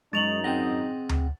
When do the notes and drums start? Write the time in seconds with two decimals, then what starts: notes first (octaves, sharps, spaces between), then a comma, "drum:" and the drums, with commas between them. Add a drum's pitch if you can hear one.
0.13 F#2 G#3 D#4 C#6 A6 F7 F#7
0.44 C4 G#4 D#5 F#5 G5
1.09 drum: tom D2